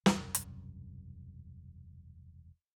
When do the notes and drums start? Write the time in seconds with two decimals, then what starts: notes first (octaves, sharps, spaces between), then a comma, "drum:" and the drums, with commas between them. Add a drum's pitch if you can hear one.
0.06 E1 C2 F#2, drum: snare
0.35 drum: hi-hat